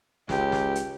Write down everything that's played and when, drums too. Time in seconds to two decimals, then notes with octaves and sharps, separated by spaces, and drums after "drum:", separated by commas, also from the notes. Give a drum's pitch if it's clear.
0.29 C#2 G4, drum: snare
0.52 drum: snare
0.75 drum: hi-hat